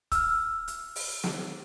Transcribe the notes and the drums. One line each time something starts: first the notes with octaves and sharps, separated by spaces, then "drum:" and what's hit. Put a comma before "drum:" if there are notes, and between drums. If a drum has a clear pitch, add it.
E6 F6, drum: kick, hi-hat
drum: hi-hat
drum: open hi-hat
drum: snare